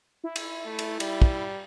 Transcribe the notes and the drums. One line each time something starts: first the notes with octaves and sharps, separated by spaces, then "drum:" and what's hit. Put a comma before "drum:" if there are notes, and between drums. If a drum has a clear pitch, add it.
E4
drum: cymbal
A3
drum: cymbal
G3, drum: cymbal
drum: kick